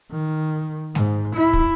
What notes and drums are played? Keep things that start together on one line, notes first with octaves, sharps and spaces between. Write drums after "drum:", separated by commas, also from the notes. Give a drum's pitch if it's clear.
D#3
G#2, drum: snare G#3
E4
drum: kick